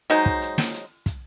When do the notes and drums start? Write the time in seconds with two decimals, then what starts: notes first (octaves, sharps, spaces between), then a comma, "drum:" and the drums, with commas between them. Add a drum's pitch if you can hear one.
0.10 F#3 G#3 D#4 C5, drum: hi-hat
0.26 drum: kick
0.42 drum: hi-hat
0.58 drum: snare
0.74 drum: hi-hat
1.06 drum: kick, hi-hat